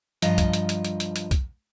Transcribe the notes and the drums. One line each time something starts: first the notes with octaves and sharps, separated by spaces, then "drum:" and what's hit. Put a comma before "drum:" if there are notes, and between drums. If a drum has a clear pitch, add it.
G2 F3 D#5 F5 A#5, drum: hi-hat
drum: kick, hi-hat
drum: hi-hat
drum: hi-hat
drum: hi-hat
drum: hi-hat
drum: hi-hat
drum: kick, hi-hat